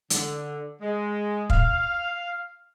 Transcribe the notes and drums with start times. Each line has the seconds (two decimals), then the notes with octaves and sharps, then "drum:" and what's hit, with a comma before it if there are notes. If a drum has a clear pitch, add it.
0.10 D3, drum: hi-hat
0.81 G#3
1.50 F5, drum: kick